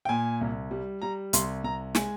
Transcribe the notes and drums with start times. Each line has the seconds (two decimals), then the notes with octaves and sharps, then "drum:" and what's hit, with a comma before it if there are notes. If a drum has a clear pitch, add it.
0.05 G5
0.09 A#2 G#5
0.41 C2
0.71 G3
1.02 G3 A#5
1.33 C2 C6, drum: hi-hat
1.64 C2 A#5
1.95 G#3 G#5, drum: snare